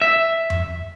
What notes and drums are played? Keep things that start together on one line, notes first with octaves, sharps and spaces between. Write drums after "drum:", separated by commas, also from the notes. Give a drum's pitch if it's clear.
E5
drum: tom F2